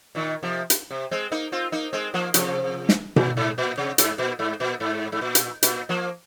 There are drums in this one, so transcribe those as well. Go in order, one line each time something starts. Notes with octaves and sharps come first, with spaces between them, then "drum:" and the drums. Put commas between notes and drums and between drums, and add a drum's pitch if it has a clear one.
A#2 D#3
C3 F3
drum: hi-hat
C3
G#3 C4
A#3 D#4
C4 F4
A#3 D#4
G#3 C4
F3 A#3
C3 F3, drum: hi-hat
drum: snare
A#2, drum: tom B2
G#2
A#2
C3
G#2, drum: hi-hat
A#2
G#2
A#2
G#2
G#2
A#2
drum: hi-hat
A#2, drum: hi-hat
F3 A#3